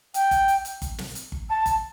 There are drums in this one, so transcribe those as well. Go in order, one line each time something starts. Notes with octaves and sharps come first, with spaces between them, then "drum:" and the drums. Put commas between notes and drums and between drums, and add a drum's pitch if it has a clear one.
G5, drum: hi-hat
drum: kick G1, hi-hat
drum: hi-hat
drum: hi-hat
drum: kick G1, hi-hat
drum: snare
drum: hi-hat
drum: kick G1
A5
drum: kick G1, hi-hat